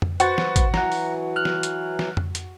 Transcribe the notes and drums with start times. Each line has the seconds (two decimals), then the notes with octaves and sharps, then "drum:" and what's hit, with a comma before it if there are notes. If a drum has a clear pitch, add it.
0.02 drum: tom F2
0.20 F#4 B4 C5 C#6 A6, drum: hi-hat
0.38 drum: snare
0.56 drum: kick A1, hi-hat
0.74 E3 F#3 F#5 A#5, drum: snare
0.92 drum: open hi-hat
1.36 F6 F#6
1.45 drum: snare
1.63 drum: hi-hat
1.99 drum: snare
2.17 drum: tom F2
2.35 drum: hi-hat